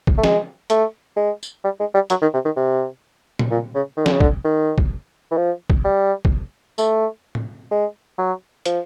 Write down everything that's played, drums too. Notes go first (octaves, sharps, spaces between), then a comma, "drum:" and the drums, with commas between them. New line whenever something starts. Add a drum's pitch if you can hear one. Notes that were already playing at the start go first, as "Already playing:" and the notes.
drum: kick
A3
G#3, drum: snare
A3, drum: hi-hat
G#3
drum: tambourine
G3
G#3
G3
F#3, drum: hi-hat
D#3
C3
D#3
C3
drum: tom A#2
A#2
C#3
D#3
D3, drum: snare
C#3
D3, drum: kick
D#3
drum: kick
E3
F3
drum: kick
G3
drum: kick
A3, drum: tambourine
drum: tom A2
G#3
F#3
F3, drum: hi-hat